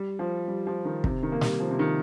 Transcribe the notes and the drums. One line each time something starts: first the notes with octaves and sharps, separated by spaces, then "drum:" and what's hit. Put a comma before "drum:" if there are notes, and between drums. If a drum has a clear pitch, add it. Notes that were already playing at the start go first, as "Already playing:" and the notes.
Already playing: G3
F3
G3
F3
D#3
C3, drum: kick
D#3
A#3
G3, drum: snare
F3
C3
D#3